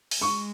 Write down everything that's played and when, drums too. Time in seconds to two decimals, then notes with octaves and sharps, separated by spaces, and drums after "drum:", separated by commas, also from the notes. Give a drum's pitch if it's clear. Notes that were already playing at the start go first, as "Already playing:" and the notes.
0.11 drum: open hi-hat
0.21 G#3 C#6